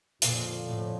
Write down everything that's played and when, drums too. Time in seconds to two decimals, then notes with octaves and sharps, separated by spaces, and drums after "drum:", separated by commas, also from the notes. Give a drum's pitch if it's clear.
0.22 F2 A#2 D3 F3, drum: hi-hat
0.67 A2